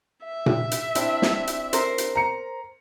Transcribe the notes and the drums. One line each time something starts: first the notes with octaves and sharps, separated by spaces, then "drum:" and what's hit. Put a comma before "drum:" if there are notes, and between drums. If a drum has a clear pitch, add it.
E5
drum: tom A#2
drum: hi-hat
C4 D4 E4, drum: hi-hat
drum: snare
drum: hi-hat
A#4 C5, drum: hi-hat
drum: hi-hat
A#5 C#7